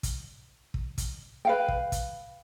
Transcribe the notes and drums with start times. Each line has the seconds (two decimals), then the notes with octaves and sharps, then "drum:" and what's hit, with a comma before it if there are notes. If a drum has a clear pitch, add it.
0.03 drum: kick, hi-hat
0.74 drum: kick
0.98 drum: kick, hi-hat
1.45 B4 F5 G5
1.68 drum: kick
1.92 drum: kick, hi-hat